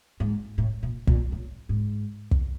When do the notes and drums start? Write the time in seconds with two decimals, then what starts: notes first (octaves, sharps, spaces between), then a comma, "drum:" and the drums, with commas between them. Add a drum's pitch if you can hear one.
0.20 G#2
0.58 A2
0.83 A#2
1.07 A#2, drum: kick
1.32 A2
1.69 G#2
2.31 drum: kick